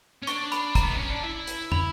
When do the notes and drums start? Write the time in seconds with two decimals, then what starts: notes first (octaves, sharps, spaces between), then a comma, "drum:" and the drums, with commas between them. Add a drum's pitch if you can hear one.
0.22 C#4
0.27 D4 C#6, drum: hi-hat
0.52 B5, drum: hi-hat
0.75 A#5, drum: kick, hi-hat
0.83 B3
0.96 C#4
1.10 D4
1.23 E4
1.47 drum: hi-hat
1.72 B5, drum: tom